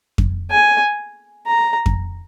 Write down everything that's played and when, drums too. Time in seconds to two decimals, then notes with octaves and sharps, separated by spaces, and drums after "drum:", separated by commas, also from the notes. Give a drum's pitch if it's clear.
0.18 drum: kick F2
0.51 G#5
1.47 A#5
1.86 drum: kick F2